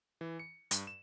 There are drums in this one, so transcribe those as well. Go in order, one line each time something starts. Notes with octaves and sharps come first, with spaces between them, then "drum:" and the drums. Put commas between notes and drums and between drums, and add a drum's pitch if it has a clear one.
E3
C#7
G2, drum: hi-hat
E7